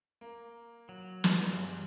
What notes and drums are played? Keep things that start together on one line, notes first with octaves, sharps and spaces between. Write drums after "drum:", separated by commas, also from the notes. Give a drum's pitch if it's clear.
A#3
F#3
drum: snare
G1 G2 G#4